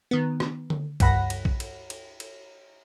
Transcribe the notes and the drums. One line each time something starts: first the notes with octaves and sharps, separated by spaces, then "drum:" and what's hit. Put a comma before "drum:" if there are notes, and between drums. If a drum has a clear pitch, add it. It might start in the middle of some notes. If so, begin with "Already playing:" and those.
D#3 B3
drum: rim click
drum: tom D3
C#2 G2 F#5 B5 A#6, drum: kick A#1, cymbal
drum: cymbal
drum: kick A#1
drum: cymbal
drum: cymbal
drum: cymbal